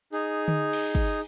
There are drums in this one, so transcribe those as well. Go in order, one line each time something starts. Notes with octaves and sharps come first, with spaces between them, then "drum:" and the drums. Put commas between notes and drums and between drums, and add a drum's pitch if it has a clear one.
D#4 G#4, drum: open hi-hat
drum: tom D3
drum: cymbal
drum: kick